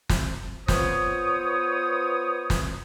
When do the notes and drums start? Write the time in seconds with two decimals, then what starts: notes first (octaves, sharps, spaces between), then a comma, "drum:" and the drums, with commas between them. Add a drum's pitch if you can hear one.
0.09 drum: snare
0.68 B3 F4 C5 C#5 D#6, drum: snare
2.50 drum: snare